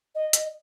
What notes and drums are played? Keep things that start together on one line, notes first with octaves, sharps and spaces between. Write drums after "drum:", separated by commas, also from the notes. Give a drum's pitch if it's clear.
D#5
drum: hi-hat